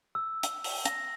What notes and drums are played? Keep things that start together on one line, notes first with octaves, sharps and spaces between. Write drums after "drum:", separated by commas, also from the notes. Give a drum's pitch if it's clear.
E6
drum: hi-hat
drum: open hi-hat
A#6, drum: hi-hat